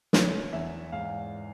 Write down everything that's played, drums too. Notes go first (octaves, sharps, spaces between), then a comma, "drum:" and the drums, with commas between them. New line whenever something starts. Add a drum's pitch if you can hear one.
E3 C#5, drum: snare
E2 E5
G#2 F5